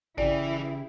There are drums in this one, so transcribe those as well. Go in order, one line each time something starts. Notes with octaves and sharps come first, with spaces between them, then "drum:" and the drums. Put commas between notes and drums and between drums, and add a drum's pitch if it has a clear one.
C#3 E3 E4 G4 G#4 D5, drum: kick G1